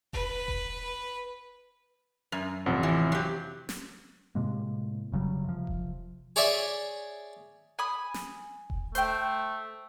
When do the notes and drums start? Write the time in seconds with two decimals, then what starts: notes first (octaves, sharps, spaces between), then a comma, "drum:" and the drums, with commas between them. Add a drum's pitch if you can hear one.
0.13 B4, drum: kick E1
0.48 drum: kick E1
2.32 F#2
2.66 A1 F2 C3 F#5
2.83 E3
3.12 F#3 G4
3.69 drum: snare
4.35 A2 C3 G#3 A#3
5.12 F1 C#3 F#3 G3
5.44 C3 F3
5.67 drum: kick E1
6.36 G#4 C#5 D5 E5 G#5
7.79 G#5 B5 D#6
8.14 drum: snare
8.70 drum: kick E1
8.95 A3 C5 G5, drum: hi-hat